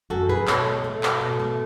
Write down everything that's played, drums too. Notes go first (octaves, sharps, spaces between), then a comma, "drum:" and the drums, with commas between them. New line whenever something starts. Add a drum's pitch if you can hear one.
F#2 F#4 A4
A3 G#4 B4
B2 A4 C#5, drum: clap
A3
A3
B2, drum: clap
B2
A3